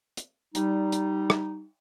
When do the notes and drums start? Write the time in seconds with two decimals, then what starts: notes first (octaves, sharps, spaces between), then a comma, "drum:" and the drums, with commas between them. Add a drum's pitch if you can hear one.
0.17 drum: hi-hat
0.55 G3 D#4, drum: hi-hat
0.92 drum: hi-hat
1.30 drum: rim click